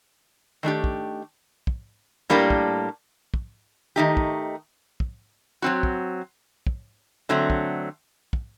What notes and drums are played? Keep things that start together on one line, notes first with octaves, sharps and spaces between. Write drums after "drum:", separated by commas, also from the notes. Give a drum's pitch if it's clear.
D#3 A3 D4 G4
drum: kick
drum: kick
A2 G3 A#3 D4 G4
drum: kick
drum: kick
D#3 A3 D#4 G4
drum: kick
drum: kick
F#3 C4 F#4
drum: kick
drum: kick
D3 F#3 A3 C4
drum: kick
drum: kick